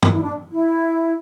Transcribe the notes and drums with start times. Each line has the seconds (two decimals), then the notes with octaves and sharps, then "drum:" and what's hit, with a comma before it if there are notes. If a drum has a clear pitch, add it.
0.02 drum: tom
0.13 E4
0.22 D4
0.52 E4